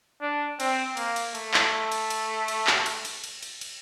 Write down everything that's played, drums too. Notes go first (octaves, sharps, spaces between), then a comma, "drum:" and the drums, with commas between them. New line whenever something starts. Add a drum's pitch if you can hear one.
D4
C4, drum: cymbal
A#3, drum: cymbal
drum: cymbal
A3, drum: cymbal
drum: clap
drum: cymbal
drum: cymbal
drum: cymbal
drum: clap
drum: cymbal
drum: cymbal
drum: cymbal
drum: cymbal
drum: cymbal